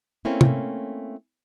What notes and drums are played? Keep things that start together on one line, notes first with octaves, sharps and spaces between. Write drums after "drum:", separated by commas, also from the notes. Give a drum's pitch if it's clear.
A3 A#3 C4 C#4 E4
drum: tom